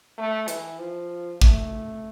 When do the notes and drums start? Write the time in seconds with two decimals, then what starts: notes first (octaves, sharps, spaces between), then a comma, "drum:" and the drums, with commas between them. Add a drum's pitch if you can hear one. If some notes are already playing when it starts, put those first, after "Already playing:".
0.18 A3
0.48 E3, drum: hi-hat
0.79 F3
1.42 A3, drum: kick